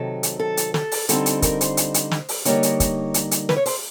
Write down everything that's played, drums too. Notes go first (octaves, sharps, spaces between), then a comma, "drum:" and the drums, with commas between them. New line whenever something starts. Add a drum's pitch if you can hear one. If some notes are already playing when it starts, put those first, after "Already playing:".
Already playing: C3 D#3 F#3 A4
drum: hi-hat
A4
drum: hi-hat
A4, drum: snare
drum: open hi-hat
D3 G3 C4 D#4 A4, drum: hi-hat
drum: hi-hat
A#4, drum: kick, hi-hat
C5, drum: hi-hat
drum: hi-hat
drum: hi-hat
drum: snare
drum: open hi-hat
D3 G3 A#3 D#4 C#5, drum: hi-hat
drum: hi-hat
drum: kick, hi-hat
drum: hi-hat
drum: hi-hat
B4, drum: snare
C#5
C5, drum: open hi-hat